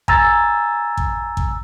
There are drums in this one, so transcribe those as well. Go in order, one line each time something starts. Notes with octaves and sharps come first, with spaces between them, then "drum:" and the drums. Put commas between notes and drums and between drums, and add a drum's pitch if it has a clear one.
G#5 A#5 E6 A6, drum: kick A1
drum: kick A1
drum: kick A1